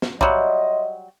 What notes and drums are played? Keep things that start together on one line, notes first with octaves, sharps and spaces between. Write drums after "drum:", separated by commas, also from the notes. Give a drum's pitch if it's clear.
drum: snare
F#3 G3 C#5 D#5 E5 C6, drum: kick